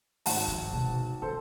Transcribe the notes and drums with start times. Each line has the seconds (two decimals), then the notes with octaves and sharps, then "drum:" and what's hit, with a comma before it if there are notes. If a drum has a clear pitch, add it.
0.26 G#1 F#5 A5, drum: open hi-hat
0.47 G2 F3
0.70 C2 B2
1.22 D#3 A4 C5